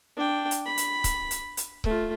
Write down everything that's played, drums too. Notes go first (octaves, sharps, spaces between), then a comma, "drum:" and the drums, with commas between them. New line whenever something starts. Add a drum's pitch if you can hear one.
D4 G5
drum: hi-hat
B5
drum: hi-hat
drum: kick C#1, hi-hat
drum: hi-hat
drum: hi-hat
A3 F4, drum: kick C#1